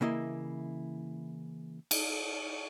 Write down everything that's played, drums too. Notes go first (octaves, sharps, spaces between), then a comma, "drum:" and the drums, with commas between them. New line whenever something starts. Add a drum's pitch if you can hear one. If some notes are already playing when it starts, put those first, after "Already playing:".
C#3 E3 A#3 E4 D#5
drum: cymbal